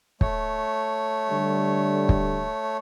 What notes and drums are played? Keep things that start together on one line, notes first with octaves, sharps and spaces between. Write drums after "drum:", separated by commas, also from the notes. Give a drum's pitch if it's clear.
A3 C#5, drum: kick
D3 G3
drum: kick